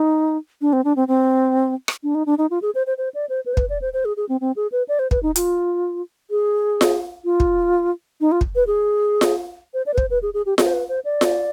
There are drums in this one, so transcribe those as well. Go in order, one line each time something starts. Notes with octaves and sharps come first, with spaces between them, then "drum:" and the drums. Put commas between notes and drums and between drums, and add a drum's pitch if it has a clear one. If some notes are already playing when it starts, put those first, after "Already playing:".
Already playing: D#4
D4
C4
D4
C4
C4
drum: rim click
D4
D#4
D4
D#4
F4
G#4
C5
C5
C5
D5
C5
B4
C5
B4, drum: kick
D5
C5
C5
G#4
G#4
C4
C4
G#4
B4
D5
C5
B4, drum: kick
D#4
F4, drum: hi-hat
G#4
drum: snare F4
F4
drum: kick
D#4
F4
drum: kick
B4
G#4
drum: snare F4
C5
D5
B4
C5, drum: kick
B4
G#4
G#4
G4
G#4, drum: snare F4
C5
B4
C5
D5
drum: snare F4